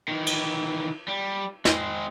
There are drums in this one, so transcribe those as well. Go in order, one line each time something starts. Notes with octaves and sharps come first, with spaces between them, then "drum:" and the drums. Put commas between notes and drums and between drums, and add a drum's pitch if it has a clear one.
D#3 E3
drum: cymbal
G3
G#3 C4, drum: snare